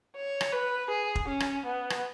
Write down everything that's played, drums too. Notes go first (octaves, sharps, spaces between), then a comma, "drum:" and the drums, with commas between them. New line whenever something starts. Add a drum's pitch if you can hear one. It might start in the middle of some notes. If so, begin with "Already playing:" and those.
C#5
drum: rim click
B4
G#4
drum: kick
C#4
drum: rim click
B3
drum: rim click